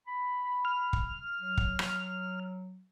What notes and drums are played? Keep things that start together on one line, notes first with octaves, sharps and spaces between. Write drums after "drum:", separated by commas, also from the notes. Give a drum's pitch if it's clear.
B5
F6
drum: kick
F#3
drum: kick
drum: rim click